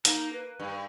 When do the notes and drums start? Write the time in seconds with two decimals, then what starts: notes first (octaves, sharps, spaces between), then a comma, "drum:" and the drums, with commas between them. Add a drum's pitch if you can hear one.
0.05 A#3 D#4, drum: hi-hat
0.33 B4
0.60 G2